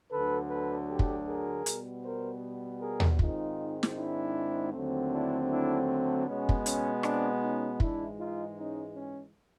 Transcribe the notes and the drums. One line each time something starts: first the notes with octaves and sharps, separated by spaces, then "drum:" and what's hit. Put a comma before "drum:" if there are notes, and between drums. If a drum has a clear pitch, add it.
D2 D3 F#3 A4 B4
A4 B4
G4 A4
drum: kick
G#4 A#4
B2 G3 B3, drum: hi-hat
A#4 C5
G#4 A#4
drum: tom D#2
G#2 D#3 G#3 C4 D#4 F4, drum: kick
drum: snare
D4 E4
D#2 D3 F#3 A3 C4
D4 E4
D4 E4
B2 G#3 B3 C#4
drum: kick
C#4, drum: hi-hat
C4 D4, drum: rim click
C#4 D#4
G#2 E3 G#3 D4 E4, drum: kick
D#4 F4
C#4 D#4
C#4